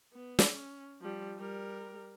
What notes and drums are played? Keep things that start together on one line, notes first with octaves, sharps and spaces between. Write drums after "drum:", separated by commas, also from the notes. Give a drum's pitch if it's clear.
B3
drum: snare
C#4
F3 G3
G3 A#4